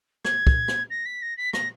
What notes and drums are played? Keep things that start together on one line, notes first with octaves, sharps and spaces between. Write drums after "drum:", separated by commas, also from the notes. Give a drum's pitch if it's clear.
G#6, drum: rim click
drum: kick
drum: rim click
A#6
B6
A#6
B6
A#6, drum: rim click